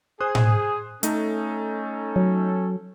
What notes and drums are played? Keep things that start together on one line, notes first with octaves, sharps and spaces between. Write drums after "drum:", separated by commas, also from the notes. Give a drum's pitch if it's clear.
G#4 C5 D#6 F#6
drum: tom A2
A3 C#4 D#4 A4, drum: hi-hat
F#3